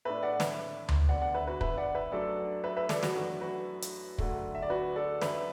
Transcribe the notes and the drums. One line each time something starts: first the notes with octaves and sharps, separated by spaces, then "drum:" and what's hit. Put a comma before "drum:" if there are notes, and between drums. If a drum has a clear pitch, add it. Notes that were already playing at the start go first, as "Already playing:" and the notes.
A2 A3 D4 B4 E5
D5 F#5
B4 E5, drum: snare
drum: tom D2
D2 D3 B3 D5 F#5
D5 F#5
B4 E5
F#4 B4
B4 E5, drum: kick
D5 F#5
B4 E5
F#2 F#3 A3 D4 A4 D5
B4 E5
B4 E5
A4 D5, drum: snare
F#4 B4, drum: snare
F#2 E3 A3 D4 F#4
F#4 B4
drum: hi-hat
D2 D3 F#3 A3 D4, drum: kick
E5
D5
F#4 B4
A4 D5
F#2 F#3 D4 B4 E5, drum: snare